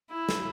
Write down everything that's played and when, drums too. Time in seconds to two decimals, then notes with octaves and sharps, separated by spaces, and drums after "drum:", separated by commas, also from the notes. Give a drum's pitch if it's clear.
0.11 E4
0.29 drum: snare